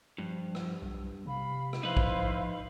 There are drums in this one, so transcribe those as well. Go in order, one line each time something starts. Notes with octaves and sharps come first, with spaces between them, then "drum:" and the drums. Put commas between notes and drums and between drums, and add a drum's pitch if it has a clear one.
G2 F3
drum: rim click
B1
C3 F5 B5
drum: rim click
F3 D#4 E4 B4 C5 F5
drum: kick